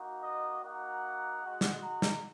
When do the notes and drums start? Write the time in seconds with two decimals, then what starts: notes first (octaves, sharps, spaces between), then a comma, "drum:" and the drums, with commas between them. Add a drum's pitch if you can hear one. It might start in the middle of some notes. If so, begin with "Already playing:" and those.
Already playing: A#3 D#4 F#4
0.22 D#5
0.60 A#3 D#4 F#4 F#5
1.41 G#3
1.46 F#4
1.61 drum: snare
1.81 A#5
2.02 drum: snare